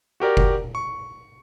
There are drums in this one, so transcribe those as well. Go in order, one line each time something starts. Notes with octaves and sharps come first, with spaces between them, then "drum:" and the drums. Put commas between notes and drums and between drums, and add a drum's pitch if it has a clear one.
F#4 G4 A#4 D5
drum: kick F1
C#6